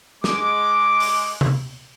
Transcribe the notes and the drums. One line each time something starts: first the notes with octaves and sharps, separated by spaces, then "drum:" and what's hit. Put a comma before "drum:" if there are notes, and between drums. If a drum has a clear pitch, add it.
G#3 D6, drum: snare
drum: open hi-hat
drum: tom C3